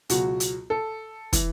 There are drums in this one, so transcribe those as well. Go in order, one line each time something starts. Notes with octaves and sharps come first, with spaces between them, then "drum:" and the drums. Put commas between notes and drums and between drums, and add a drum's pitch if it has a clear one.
C#2 B2 F#3 F#4, drum: hi-hat
drum: hi-hat
A4
E3, drum: kick, hi-hat